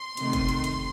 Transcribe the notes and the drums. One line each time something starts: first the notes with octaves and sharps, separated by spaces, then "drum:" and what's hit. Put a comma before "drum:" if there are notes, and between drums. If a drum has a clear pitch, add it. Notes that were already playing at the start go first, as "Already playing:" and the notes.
Already playing: C6
C3 D#3 A3, drum: hi-hat
drum: kick, hi-hat
drum: hi-hat
drum: hi-hat